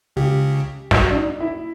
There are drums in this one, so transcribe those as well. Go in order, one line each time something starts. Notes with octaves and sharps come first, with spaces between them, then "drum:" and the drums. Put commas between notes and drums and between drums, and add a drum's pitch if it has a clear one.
C#2 C#3 G4
F#4, drum: snare
D4
D#4
E4